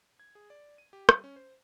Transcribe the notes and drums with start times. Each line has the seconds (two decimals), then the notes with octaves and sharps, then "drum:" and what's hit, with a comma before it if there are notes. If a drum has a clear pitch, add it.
0.20 G#6
0.35 G#4
0.50 D5
0.78 D#7
0.93 G4
1.09 G3, drum: rim click
1.24 C#4
1.36 C5